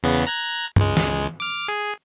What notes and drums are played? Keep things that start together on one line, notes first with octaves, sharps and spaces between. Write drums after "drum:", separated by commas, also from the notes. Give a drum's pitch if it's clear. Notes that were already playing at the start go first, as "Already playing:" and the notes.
E2 C#3 B3
A#5 F#6 G#6
C#2 G#3, drum: tom G2
drum: snare
D6 F6
G#4